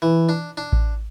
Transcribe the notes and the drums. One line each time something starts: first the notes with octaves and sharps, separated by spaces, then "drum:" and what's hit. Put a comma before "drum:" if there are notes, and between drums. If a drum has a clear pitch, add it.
E3
D4
D4
drum: kick A1